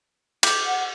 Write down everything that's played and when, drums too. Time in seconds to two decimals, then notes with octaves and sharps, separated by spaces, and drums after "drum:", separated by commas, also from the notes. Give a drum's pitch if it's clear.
0.43 G4, drum: cymbal
0.66 F#5